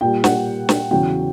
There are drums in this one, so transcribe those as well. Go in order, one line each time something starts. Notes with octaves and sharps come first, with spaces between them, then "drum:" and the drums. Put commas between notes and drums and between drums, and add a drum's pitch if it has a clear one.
A#2 G3 G5
F#5, drum: snare
drum: snare
E2 C#3 F#3 G5